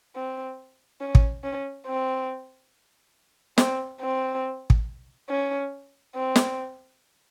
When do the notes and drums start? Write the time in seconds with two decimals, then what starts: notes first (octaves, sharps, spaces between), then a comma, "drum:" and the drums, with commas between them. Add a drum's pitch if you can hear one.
0.16 C4
1.01 C#4
1.15 drum: kick
1.44 C#4
1.86 C4
3.58 C4, drum: snare
4.01 C4
4.70 drum: kick
5.29 C#4
6.15 C4
6.36 drum: snare